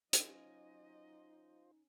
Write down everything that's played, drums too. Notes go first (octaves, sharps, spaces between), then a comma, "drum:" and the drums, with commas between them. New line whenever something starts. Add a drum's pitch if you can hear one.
F#3 C#4 D#4 F4 C5 D#5, drum: hi-hat